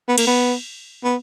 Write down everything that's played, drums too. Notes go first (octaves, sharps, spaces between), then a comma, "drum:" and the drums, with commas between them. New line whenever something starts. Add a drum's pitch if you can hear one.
B3
A#3, drum: cymbal
B3
B3